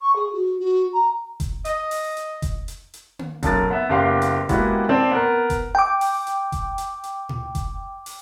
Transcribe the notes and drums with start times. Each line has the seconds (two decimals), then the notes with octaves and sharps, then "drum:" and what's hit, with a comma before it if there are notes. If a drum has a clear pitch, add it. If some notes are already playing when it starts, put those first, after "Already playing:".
0.02 C#6
0.16 G#4
0.33 F#4
0.60 F#4
0.94 A#5
1.40 drum: kick F1, hi-hat
1.65 D#5, drum: hi-hat
1.91 drum: open hi-hat
2.17 drum: hi-hat
2.42 drum: kick F1, hi-hat
2.68 drum: hi-hat
2.94 drum: hi-hat
3.19 drum: tom A#3
3.43 B1 F#2 A#4 A6, drum: kick F1, hi-hat
3.70 B3 E5
3.89 F#1 B3 G4 F5 C6 D6
4.22 drum: hi-hat
4.49 G#3 A#3 B3 E4 F#4 G4, drum: kick F1, hi-hat
4.89 C4 C5 D5 A5
5.11 B3 A#4
5.50 drum: kick F1, hi-hat
5.75 G5 D6
6.01 drum: open hi-hat
6.27 drum: hi-hat
6.52 drum: kick F1, hi-hat
6.78 drum: hi-hat
7.04 drum: hi-hat
7.29 drum: tom A2
7.55 drum: kick F1, hi-hat
8.06 drum: open hi-hat